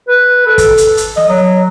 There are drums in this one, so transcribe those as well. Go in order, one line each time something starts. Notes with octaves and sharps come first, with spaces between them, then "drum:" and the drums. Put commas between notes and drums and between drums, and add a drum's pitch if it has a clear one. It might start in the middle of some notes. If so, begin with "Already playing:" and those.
B4
A4
drum: kick, hi-hat
drum: hi-hat
drum: hi-hat
D#5, drum: snare
F#3